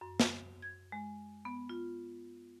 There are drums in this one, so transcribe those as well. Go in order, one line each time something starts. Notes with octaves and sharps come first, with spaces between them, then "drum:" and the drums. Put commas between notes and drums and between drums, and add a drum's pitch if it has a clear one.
F#2
drum: snare
G#6
G#3
B3
F4